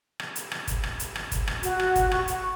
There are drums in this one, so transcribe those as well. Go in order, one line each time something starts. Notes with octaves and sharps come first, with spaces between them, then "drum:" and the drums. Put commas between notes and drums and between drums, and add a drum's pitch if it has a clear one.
drum: rim click
drum: hi-hat
drum: rim click
drum: kick, hi-hat
drum: rim click
drum: hi-hat
drum: rim click
drum: kick, hi-hat
drum: rim click
F#4, drum: hi-hat
drum: rim click
drum: kick, hi-hat
C#6, drum: rim click
drum: hi-hat